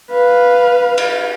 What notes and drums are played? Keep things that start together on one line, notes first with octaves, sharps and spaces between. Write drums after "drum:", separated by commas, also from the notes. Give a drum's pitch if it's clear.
B4 F5
drum: cymbal